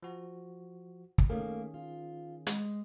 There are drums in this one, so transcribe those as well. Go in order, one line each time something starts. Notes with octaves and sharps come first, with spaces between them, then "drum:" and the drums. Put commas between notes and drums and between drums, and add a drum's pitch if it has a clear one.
F3 F#4
drum: kick
D#3 A3 A#3 C#4 G#4
F4
G#3, drum: hi-hat